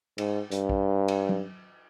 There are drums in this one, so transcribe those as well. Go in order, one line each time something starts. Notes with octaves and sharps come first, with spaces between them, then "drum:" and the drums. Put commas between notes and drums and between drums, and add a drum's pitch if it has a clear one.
G#2, drum: cymbal
G2, drum: hi-hat
drum: kick
drum: cymbal
drum: tom F#3